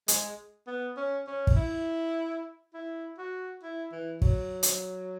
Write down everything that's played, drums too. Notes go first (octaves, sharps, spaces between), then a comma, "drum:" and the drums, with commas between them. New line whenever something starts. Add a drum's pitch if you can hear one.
G#3, drum: hi-hat
B3
C#4
C#4
drum: kick
E4
E4
F#4
E4
E3
F#3, drum: kick
drum: hi-hat